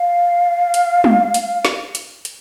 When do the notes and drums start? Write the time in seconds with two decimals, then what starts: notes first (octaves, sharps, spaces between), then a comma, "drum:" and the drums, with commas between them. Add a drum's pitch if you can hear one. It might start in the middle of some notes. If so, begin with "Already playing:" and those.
Already playing: F5
0.74 drum: hi-hat
1.04 drum: tom
1.34 drum: hi-hat
1.65 drum: snare
1.95 drum: hi-hat
2.25 drum: hi-hat